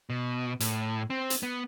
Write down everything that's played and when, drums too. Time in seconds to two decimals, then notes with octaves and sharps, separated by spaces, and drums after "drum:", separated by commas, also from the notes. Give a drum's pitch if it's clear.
0.10 B2
0.60 A2, drum: hi-hat
1.10 C4
1.30 drum: hi-hat
1.43 B3